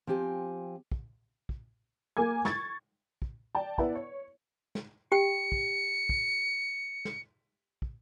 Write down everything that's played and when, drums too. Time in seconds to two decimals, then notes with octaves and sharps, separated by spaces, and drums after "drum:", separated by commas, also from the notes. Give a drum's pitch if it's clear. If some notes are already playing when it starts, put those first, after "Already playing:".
0.07 F3 C4 G4 G#5
0.92 drum: kick
1.49 drum: kick
2.17 A#3 G#5 D6 G#6
2.45 C#6 G#6 A6, drum: snare
3.22 drum: kick
3.55 D5 G5 A5
3.78 B3 E4 B4 D5 F#5 A5, drum: kick
3.95 C#5
4.75 drum: snare
5.12 G4 G5 C#7
5.52 drum: kick
6.09 drum: kick
7.05 drum: snare
7.82 drum: kick